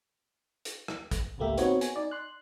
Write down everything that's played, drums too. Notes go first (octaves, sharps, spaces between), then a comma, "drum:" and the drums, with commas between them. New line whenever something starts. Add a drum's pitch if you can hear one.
drum: hi-hat
drum: rim click
drum: kick, hi-hat
G#1 C#2 A3 A#3 G4 E5
B3 C4 D#4 F#4 C#5, drum: hi-hat
G#5, drum: hi-hat
D#4 D5
C6 F#6